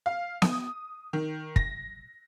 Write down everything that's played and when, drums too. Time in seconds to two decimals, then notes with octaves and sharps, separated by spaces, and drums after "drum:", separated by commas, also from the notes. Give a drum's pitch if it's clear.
0.06 F5
0.42 D#6, drum: snare B3
1.13 D#3
1.56 A#6, drum: kick